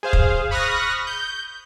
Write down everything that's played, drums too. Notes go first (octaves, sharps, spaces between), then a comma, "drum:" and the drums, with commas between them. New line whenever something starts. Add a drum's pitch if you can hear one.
G#4 C5 F5
drum: kick
B5 C#6 D#6 F6 F#6 A#6
G6